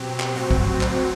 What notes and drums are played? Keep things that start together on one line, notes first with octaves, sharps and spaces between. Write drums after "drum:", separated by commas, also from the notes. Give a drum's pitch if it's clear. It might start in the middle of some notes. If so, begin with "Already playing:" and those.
Already playing: B2 F#3 C4 G4
drum: clap
A2 F#3 C4 F#4
drum: kick
drum: clap